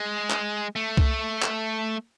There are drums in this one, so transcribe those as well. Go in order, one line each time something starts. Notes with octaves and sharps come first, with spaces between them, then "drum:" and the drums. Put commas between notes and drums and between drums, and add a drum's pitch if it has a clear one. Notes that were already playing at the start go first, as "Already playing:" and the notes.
Already playing: G#3
drum: clap
A3
drum: kick C2
drum: clap